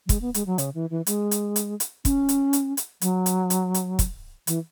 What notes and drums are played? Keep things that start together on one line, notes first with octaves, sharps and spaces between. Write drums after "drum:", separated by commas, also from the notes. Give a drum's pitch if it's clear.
F#3
G#3, drum: kick, hi-hat
B3
G#3, drum: hi-hat
F#3
C#3, drum: hi-hat
E3
E3
G#3, drum: hi-hat
drum: hi-hat
drum: hi-hat
drum: hi-hat
C#4, drum: kick, hi-hat
drum: hi-hat
drum: hi-hat
drum: hi-hat
F#3, drum: hi-hat
drum: hi-hat
drum: hi-hat
drum: hi-hat
drum: kick, hi-hat
E3, drum: hi-hat